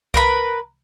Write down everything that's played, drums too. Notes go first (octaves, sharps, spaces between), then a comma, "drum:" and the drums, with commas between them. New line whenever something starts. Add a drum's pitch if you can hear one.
A#4 B4 B5, drum: kick C2